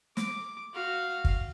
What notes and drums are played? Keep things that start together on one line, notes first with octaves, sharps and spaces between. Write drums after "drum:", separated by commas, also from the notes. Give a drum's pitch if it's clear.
D6, drum: snare
F#4 F5
drum: kick